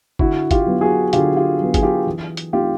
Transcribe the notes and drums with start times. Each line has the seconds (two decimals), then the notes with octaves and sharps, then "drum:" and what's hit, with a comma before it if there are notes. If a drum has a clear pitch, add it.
0.19 D3 E4 F#4, drum: kick G1
0.51 F4 G4, drum: kick G1, hi-hat
0.67 F#3 B3
0.81 F#4 G#4
1.13 D3 F4 G4, drum: hi-hat
1.36 F4 G4
1.59 F#3 B3
1.74 G#4, drum: kick G1, hi-hat
1.82 F4 G4
2.07 E3
2.37 drum: hi-hat
2.53 A3 C4 D#4 F4 G4